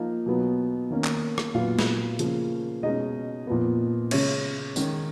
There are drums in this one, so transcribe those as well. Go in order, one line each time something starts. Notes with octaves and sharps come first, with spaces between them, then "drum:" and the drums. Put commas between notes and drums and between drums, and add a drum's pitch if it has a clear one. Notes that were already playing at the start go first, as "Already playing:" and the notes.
Already playing: F3 A#3 D#4 F4
B2 F#3 B3 D#4
D#3 A#3 C#4
drum: clap
drum: rim click
A#2 F#3 B3 F4 F5
drum: snare
C#3 F3 A#3 C#4, drum: hi-hat
B2 G#3 C#4 D#4 D#5
A#2 F3 B3
C#3 G#3 C#4 C#5, drum: cymbal
D#3 G#3 C#4, drum: tambourine